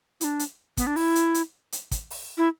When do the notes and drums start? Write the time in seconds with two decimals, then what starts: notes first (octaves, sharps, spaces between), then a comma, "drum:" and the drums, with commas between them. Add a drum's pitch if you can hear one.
0.21 E4, drum: hi-hat
0.24 D4
0.39 drum: hi-hat
0.77 B3, drum: kick, hi-hat
0.87 D4
0.96 E4, drum: open hi-hat
1.15 drum: hi-hat
1.34 drum: hi-hat
1.72 drum: hi-hat
1.91 drum: kick, hi-hat
2.10 drum: open hi-hat
2.38 E4